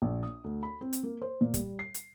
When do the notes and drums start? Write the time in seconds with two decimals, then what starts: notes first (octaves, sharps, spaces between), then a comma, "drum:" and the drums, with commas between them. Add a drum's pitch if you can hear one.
0.02 A#1
0.23 D#6
0.44 D2
0.63 B5
0.81 C4
0.93 drum: hi-hat
1.03 A#3
1.22 C5
1.41 A#2
1.54 G3, drum: kick, hi-hat
1.79 C7
1.94 drum: hi-hat